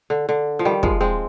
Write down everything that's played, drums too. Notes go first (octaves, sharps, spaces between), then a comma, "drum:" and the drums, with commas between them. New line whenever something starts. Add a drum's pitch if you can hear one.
D3
D3
F3
D#3 G3
F3 G#3, drum: kick
G#3 C4